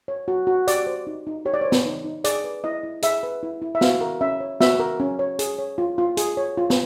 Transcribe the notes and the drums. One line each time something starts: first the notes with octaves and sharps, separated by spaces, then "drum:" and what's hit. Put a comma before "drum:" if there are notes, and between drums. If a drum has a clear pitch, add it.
C#5
F#4
F#4
G4 D5, drum: hi-hat
C5
D#4
D#4
G4 C#5
D5
C5 C#5
drum: snare
D#4
D#4
G#4 D5, drum: hi-hat
B4
E4 D#5
E4
G#4 E5, drum: hi-hat
B4
E4
E4
E5
F#4 F5, drum: snare
A#4
C#4 E5
C#5
F#4 E5, drum: snare
A#4
C#4
C#5
G#4, drum: hi-hat
C#5
F4
F4
G#4, drum: hi-hat
C#5
F4
drum: snare